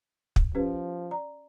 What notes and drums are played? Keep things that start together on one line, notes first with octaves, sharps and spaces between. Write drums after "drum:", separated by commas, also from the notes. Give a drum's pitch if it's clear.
drum: kick
F3 C#4 G4 B4
D5 A#5